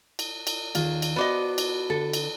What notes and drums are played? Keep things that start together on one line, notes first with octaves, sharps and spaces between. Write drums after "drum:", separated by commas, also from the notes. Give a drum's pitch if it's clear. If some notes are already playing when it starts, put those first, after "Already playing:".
drum: cymbal
drum: cymbal
D#2 D#3 F4 G#4, drum: cymbal
drum: cymbal
B3 F#4 G4 C5 D5 D#5
drum: cymbal
D3 A4
drum: cymbal